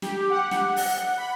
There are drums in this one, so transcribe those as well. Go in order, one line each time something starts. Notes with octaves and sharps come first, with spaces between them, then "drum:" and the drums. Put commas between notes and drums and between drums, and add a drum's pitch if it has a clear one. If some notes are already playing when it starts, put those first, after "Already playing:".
G4, drum: snare
F#5
drum: snare
drum: open hi-hat
B5